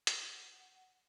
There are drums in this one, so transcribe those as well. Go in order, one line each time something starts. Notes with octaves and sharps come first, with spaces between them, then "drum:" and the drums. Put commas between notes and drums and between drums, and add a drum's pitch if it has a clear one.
F#5, drum: hi-hat